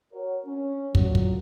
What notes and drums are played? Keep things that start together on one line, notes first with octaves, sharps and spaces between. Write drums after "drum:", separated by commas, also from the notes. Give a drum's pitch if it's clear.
F#4 A#4 C#5
C#4
F#2 A#2 D3 F3 F#3, drum: kick
drum: kick